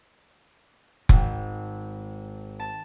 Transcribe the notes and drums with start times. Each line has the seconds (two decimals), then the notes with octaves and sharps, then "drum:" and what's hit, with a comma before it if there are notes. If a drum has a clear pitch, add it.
1.09 G#1, drum: kick F1
2.60 A5